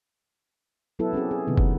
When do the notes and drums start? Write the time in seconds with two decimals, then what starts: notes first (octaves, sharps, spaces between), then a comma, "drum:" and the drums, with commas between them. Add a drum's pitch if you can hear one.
0.99 F#3 B3 E4 A4 B4
1.13 C4 C#4 G4 G#4
1.31 G#4
1.47 C3 D#3 F#3 B3 D#4
1.57 drum: kick